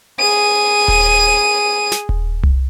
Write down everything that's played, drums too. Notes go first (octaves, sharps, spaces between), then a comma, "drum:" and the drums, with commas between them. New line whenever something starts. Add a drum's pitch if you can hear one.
G#4 D#7
drum: kick D#1
drum: snare
drum: kick D#1
drum: tom C2